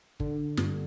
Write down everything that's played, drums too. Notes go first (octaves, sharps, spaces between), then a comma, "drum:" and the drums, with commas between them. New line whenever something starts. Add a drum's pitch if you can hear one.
D3, drum: kick
G2, drum: snare